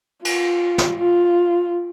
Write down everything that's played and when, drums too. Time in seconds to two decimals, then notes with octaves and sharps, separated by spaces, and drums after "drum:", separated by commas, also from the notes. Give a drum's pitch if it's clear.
0.25 F4, drum: cymbal
0.78 drum: snare
0.99 F4